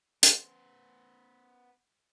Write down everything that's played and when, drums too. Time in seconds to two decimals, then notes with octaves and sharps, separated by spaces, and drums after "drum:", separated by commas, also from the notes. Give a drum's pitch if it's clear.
0.23 B3 C5, drum: hi-hat